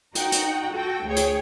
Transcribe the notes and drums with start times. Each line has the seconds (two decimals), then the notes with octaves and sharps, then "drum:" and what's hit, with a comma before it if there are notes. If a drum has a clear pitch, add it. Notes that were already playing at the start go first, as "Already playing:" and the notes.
0.15 D#4 F#4 F#5 G5 A#5, drum: hi-hat
0.32 drum: hi-hat
0.72 F#4 A4 G5
1.06 D2 G#4 C#5 G5
1.16 drum: hi-hat